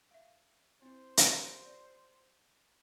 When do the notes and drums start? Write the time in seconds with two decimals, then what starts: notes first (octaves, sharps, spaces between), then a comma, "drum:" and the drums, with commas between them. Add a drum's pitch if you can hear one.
0.11 E5 F5
0.82 C4 E4 C5
1.17 F4 G4 C6, drum: hi-hat
1.65 D5